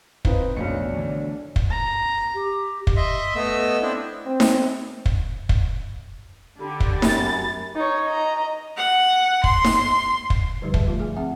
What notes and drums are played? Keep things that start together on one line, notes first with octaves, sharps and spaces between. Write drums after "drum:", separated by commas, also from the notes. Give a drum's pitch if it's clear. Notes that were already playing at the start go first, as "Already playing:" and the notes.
C4 D#4 B4 D#5 F5, drum: kick
B1 F2 D#3 A3 D4 C#5 C#7
D3 E3 A3
drum: kick
A#5
G4
drum: kick
D#5 E5 C6
A3 B3 D#5 E6
C4 D4 E4
C4
drum: snare D#4
drum: kick
drum: kick
D3 G4 B5
drum: kick
F#2 A6, drum: snare D#4
D#4 C#5
D#5 A#5
F#5
C6, drum: kick
drum: snare D#4
drum: kick
D3 F3 G3 D#4 G4 B4
G#4 E5 A5, drum: kick
F3 A3 F4
G#4 G#5
C4 G#4 E5 F#5 G#5